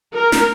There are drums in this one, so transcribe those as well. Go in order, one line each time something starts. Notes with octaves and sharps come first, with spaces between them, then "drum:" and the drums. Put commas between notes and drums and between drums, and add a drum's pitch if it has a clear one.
A#4
drum: snare